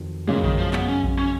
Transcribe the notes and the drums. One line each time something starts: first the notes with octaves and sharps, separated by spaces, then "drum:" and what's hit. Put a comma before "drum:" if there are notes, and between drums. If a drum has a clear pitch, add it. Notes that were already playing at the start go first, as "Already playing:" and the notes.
Already playing: F2 D#3 F#3
F#2 A#2 C#3 G#3
D#3, drum: kick A#1
F3
B3, drum: clap
C#4
drum: kick A#1
C#4